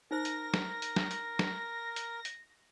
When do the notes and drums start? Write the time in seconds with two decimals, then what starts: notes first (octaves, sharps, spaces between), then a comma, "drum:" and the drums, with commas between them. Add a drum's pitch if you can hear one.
0.11 D#4 A#4 C5 A#6
0.25 drum: hi-hat
0.54 drum: snare
0.82 drum: hi-hat
0.96 drum: snare
1.11 drum: hi-hat
1.39 drum: snare
1.96 drum: hi-hat
2.25 drum: hi-hat